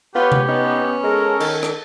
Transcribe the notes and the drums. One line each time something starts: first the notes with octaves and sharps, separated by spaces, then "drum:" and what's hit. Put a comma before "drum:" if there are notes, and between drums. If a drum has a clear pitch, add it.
B3 F4 G4 B4 C#5
drum: tom C3
B3 C#4 D#4
G#3 A4 A#4
D#3, drum: cymbal
drum: rim click